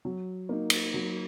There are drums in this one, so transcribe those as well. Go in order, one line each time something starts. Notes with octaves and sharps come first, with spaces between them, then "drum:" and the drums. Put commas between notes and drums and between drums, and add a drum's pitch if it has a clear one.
F#3
A#3 D#4
drum: cymbal
F#3